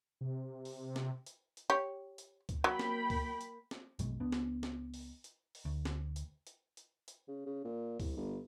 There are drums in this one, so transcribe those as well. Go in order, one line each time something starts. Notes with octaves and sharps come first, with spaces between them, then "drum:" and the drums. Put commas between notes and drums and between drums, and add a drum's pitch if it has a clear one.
C3
drum: open hi-hat
drum: snare
drum: hi-hat
drum: hi-hat
G4 C#5
drum: hi-hat
drum: kick C#2, hi-hat
F#3 A#3 G5 B5
drum: snare
drum: kick C#2, open hi-hat
drum: hi-hat
drum: snare
A#1 F#2 B2 G#3, drum: hi-hat
C#2 B3 D4
drum: snare
drum: snare
drum: open hi-hat
drum: hi-hat
drum: open hi-hat
D2
drum: snare
drum: hi-hat
drum: hi-hat
drum: hi-hat
drum: hi-hat
C#3
C#3
A#2
C2, drum: kick C#2, open hi-hat
G1